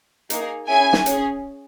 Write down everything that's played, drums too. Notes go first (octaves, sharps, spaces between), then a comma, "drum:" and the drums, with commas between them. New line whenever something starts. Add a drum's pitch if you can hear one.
A#3 D#4 G#4, drum: hi-hat
C#4 E4 G#4 G#5
drum: snare
C#4 G#4, drum: hi-hat